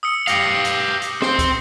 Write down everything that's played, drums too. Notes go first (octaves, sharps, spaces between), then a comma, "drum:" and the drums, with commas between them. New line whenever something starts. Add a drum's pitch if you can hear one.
D#6 E6 C#7
G4 F5 E6 A#6 C7, drum: hi-hat
drum: hi-hat
drum: hi-hat
C4 C5, drum: snare
drum: kick, hi-hat